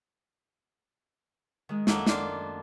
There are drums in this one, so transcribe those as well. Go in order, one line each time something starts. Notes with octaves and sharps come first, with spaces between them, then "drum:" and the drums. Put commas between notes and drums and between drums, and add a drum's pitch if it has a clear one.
D#3 G#3
F#2 A3 A#3, drum: snare
D4 F4, drum: snare